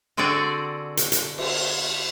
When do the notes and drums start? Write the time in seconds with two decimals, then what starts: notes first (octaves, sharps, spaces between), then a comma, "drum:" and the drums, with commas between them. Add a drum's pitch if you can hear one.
0.17 D3 C4 F#4 G#4 D5
0.97 drum: hi-hat
1.12 drum: hi-hat
1.38 drum: cymbal